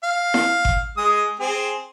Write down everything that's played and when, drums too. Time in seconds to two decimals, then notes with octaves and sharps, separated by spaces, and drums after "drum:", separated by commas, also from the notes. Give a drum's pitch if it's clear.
0.03 F5
0.34 drum: snare E4
0.65 drum: kick G1
0.97 G#3 D#6
1.39 C4 G#4